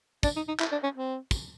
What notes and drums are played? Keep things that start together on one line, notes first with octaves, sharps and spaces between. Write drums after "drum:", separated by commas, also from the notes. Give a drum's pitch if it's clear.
D4, drum: kick, tambourine
D#4
D#4
E4, drum: clap
D4
C#4
C4
drum: kick, tambourine